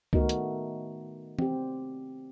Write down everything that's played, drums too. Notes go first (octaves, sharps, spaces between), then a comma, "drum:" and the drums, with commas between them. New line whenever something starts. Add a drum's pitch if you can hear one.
D#3 A3 B3 D#4 F#4 A#4, drum: kick C#2
drum: hi-hat
C4 G4, drum: tom E3